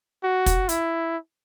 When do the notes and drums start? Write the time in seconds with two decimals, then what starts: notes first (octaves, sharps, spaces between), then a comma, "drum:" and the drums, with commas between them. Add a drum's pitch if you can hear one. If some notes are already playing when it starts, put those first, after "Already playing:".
0.23 F#4
0.46 drum: kick, hi-hat
0.69 E4, drum: hi-hat